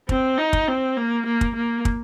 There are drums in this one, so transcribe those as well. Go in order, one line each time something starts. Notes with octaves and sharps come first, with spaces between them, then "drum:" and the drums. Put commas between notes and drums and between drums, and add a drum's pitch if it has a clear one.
C4, drum: kick
D#4
drum: kick
C4
A#3
A#3
drum: kick
A#3
drum: kick